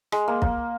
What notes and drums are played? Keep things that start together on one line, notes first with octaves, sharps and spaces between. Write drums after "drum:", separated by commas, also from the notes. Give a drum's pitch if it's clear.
G#3, drum: rim click
A#3
A#3, drum: kick